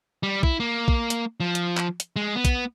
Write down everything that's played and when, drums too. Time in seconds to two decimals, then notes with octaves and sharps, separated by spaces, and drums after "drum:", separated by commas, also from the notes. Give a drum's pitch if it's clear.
0.23 G3
0.43 E4, drum: kick
0.60 A#3
0.88 drum: kick
1.10 drum: hi-hat
1.40 F3
1.55 drum: hi-hat
1.77 drum: clap
2.00 drum: hi-hat
2.16 G#3
2.35 B3
2.45 drum: kick, hi-hat